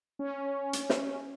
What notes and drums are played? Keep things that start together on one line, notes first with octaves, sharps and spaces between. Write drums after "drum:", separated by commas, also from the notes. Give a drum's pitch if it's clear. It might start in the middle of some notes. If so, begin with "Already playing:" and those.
C#4
drum: hi-hat
drum: snare